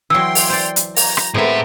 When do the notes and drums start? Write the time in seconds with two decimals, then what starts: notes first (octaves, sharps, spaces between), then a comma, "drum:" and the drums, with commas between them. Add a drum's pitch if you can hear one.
0.10 E3 F#3 G5 C6 E6
0.35 drum: open hi-hat
0.50 C5 D5
0.76 drum: hi-hat
0.97 A#5, drum: open hi-hat
1.17 drum: rim click
1.34 A2 G#3 A3 B3 C4 A#4 E5